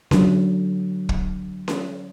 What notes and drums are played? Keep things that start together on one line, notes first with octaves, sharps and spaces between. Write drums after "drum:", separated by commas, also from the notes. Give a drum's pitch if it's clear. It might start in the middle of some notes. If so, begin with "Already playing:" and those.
D3 F#3, drum: snare C#4
drum: kick
drum: snare C#4